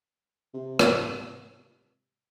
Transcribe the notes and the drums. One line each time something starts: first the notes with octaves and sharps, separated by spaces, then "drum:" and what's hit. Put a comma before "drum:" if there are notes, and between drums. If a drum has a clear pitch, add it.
C3
drum: rim click